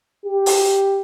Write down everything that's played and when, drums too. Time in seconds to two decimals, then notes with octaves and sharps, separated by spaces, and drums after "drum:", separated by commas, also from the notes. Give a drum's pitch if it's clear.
0.25 G4
0.46 drum: open hi-hat